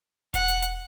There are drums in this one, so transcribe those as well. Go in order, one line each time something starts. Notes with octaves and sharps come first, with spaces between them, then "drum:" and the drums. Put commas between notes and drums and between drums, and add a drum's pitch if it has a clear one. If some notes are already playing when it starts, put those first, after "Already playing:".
F#5, drum: kick E1, hi-hat
drum: hi-hat
drum: hi-hat